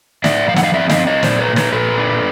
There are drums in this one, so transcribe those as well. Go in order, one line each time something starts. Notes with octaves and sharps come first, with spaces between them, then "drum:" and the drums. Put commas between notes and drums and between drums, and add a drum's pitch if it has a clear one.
A2 D5 E5, drum: snare
F3 F5
F#5, drum: snare
D#5 F5
C4 D5 E5
D#5 F5, drum: snare
C4
C#5 D#5
A#2 C5 D5, drum: snare
B4 C#5
A#3
B4 C#5, drum: snare
A#2 A4 B4
D4